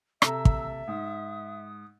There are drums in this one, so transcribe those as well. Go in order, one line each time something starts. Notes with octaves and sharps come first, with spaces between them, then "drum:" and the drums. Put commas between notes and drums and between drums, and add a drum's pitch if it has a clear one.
C3 A4 E5 A#5 E6, drum: rim click
drum: kick
G#2 D#6